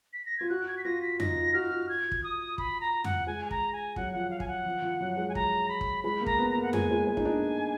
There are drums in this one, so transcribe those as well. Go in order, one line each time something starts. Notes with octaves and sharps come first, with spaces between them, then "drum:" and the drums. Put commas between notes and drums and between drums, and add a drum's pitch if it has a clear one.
B6
A#6
F4 G#6
F#4 F#6
G#6
B6
F4 A#6
B6
D#4 A#6, drum: tom F2
F4
F#4 F6
F4
G#6
drum: kick
D#6
B5, drum: kick
A#5
F#5, drum: tom F2
G#3 G#5
G#5
A#5, drum: kick
G#5
F#3 F#5, drum: kick
F3 F#5
F5
G#5, drum: kick
F#5
F3
F3
F#3
G#3
G#5
A#5, drum: kick
B5
drum: kick
G#3 B5
A#3
A#5, drum: kick
B3
A#5
A#3
F#5
G#3 G#5, drum: tom F2
G#3
G#3 G#5
D#4, drum: kick
D4